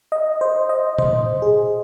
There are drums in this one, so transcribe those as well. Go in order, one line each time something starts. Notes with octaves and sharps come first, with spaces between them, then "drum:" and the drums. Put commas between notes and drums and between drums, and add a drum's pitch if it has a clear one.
D#5
C5
D#5
C5, drum: tom A#2
G#4